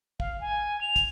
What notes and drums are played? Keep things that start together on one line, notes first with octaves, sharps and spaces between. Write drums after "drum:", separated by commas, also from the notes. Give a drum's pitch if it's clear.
F5, drum: kick
G#5
F7
drum: kick, hi-hat